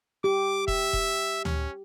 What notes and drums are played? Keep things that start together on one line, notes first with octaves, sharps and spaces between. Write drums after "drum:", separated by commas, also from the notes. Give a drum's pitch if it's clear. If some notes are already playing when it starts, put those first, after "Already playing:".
G4 D6
E5, drum: kick E1
drum: kick E1
C#4, drum: tom D2